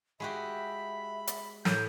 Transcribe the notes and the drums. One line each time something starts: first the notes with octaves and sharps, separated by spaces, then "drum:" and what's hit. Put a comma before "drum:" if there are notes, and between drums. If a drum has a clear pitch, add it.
G#3 F#4 G4 E5 B5
drum: hi-hat
A2 G6, drum: snare